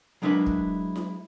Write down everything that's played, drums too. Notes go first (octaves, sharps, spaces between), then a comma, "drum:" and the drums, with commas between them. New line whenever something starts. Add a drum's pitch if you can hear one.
F#3 G#3 D4 E4 A#4 B4
drum: kick
drum: snare E4